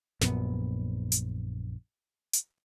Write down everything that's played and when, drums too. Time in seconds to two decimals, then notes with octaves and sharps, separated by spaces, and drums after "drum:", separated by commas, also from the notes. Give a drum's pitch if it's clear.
0.21 A#1 F#2 A#2 B3, drum: snare
1.12 drum: hi-hat
2.33 drum: hi-hat